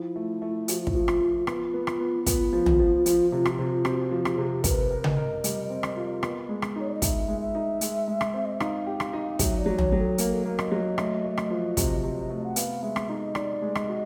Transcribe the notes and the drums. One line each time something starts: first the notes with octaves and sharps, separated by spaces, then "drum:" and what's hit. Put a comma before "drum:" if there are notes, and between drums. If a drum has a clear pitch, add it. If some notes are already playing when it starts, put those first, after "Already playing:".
Already playing: F3 E4
A3
A3
F3 F#4, drum: hi-hat
F4
E4, drum: kick
F3 F4
drum: rim click
F3
B3 F4, drum: rim click
B3
drum: rim click
B3
B3, drum: kick, hi-hat
F3
drum: tom
F3
F3, drum: hi-hat
C3
drum: rim click
C3
C4 F#4, drum: rim click
F3
G4, drum: rim click
C3 G#4
G4
A#4 B4, drum: kick, hi-hat
A#4
D#5, drum: tom C#3
A#4
G3, drum: hi-hat
C4
drum: rim click
F4
B3, drum: rim click
G#3
drum: rim click
D#4 C#5
D5
D#5
D#4 E5, drum: kick, hi-hat
G#3
E5
D#4
G#3, drum: hi-hat
G#3
drum: rim click
C4
D#5
E5
D#4 F5, drum: rim click
G4
drum: rim click
D#4
F#3 E5, drum: kick, hi-hat
D5
F#3
C#5, drum: tom
F#3
A4
A#3 A#4, drum: hi-hat
A4
A#3 A#4
D#5, drum: rim click
F#3
A3, drum: rim click
A3
drum: rim click
F3
C3, drum: kick, hi-hat
C3
A3
F#5
B3 F5, drum: hi-hat
G#3 E5
drum: rim click
D#4 D#5
D#4 D5, drum: rim click
G#3
D#5, drum: rim click
F#4